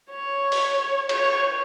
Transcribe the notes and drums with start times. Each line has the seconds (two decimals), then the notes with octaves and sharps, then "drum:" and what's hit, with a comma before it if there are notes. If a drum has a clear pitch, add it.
0.10 C#5
0.52 drum: open hi-hat
1.09 C#5, drum: cymbal